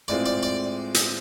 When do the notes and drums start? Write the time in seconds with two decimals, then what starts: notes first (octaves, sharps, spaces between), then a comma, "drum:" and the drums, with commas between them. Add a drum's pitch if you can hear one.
0.08 A2 G#3 C4 F4 D5
0.26 D5
0.43 D5
0.94 drum: hi-hat